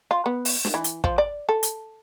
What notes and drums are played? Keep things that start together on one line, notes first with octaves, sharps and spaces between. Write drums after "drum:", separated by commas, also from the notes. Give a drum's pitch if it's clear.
F4
B3
drum: open hi-hat
drum: snare
E3
drum: hi-hat
F3, drum: kick
D5
A4
drum: hi-hat